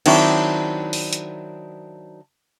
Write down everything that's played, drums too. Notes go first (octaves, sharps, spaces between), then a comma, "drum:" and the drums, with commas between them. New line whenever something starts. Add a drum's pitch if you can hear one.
D#3 F#3 C4 D4 E4, drum: cymbal
drum: open hi-hat
drum: hi-hat